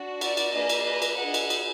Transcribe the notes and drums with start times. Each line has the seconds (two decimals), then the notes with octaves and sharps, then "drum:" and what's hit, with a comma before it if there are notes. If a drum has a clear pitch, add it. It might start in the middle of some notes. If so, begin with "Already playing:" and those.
Already playing: D4 F#4
0.21 D5, drum: cymbal
0.37 drum: cymbal
0.53 A#3 D4 G#4 B4 D#5
0.69 drum: cymbal
0.85 B4 D#5
1.02 drum: cymbal
1.18 D4 G#4 D#5 F#5
1.34 drum: cymbal
1.50 drum: cymbal